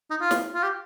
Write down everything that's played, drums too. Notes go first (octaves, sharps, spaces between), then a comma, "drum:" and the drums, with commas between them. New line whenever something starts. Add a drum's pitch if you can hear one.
D#4
F4
drum: snare
F4
G4